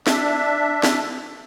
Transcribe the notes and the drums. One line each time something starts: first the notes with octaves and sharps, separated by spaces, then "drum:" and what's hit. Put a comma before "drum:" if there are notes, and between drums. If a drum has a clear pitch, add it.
D4 E5, drum: snare
drum: snare